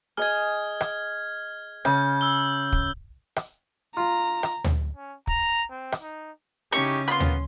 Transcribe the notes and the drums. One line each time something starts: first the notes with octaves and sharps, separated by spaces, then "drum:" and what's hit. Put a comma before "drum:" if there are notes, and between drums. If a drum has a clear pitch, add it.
G#4 D#5 F6 G#6
drum: rim click
C#3 G6, drum: rim click
E6 G7
drum: kick
drum: rim click
F4 A#5
drum: rim click
drum: tom D2
C#4
A#5, drum: kick
C4
drum: rim click
D#4
C#3 C#4 D#4 E4 G4 C#6
A#3 B3 F4 B5 C6
drum: tom D2